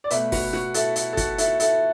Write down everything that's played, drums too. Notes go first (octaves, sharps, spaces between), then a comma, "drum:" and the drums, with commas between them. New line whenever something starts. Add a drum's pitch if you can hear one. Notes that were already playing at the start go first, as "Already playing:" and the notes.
D5
B2 A3 B4 E5, drum: hi-hat
F#4 B4, drum: kick, open hi-hat
F#4, drum: rim click
E4 A4, drum: hi-hat
E4, drum: hi-hat
A4
F#4, drum: kick, hi-hat
E4 A4, drum: hi-hat
E4 A4, drum: hi-hat